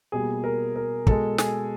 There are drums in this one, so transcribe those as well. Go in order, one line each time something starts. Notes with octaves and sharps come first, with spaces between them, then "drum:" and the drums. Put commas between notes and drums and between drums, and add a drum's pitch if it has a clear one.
B2 G3 A#3 G#4
A#4
A#4
B2 G#3 A4, drum: kick
G#4, drum: snare